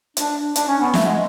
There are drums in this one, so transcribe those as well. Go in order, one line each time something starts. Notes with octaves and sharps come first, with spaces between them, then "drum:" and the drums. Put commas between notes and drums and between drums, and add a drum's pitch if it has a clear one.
D4, drum: hi-hat
D4, drum: hi-hat
C#4
B3
A3, drum: snare
G#3